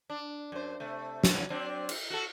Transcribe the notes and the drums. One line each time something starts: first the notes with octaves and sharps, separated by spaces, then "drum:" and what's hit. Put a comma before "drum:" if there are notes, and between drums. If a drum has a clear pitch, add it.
D4
F#2 C5
C3 A3
drum: snare
F#3
F#3 C4 D4
drum: cymbal
F#4 A4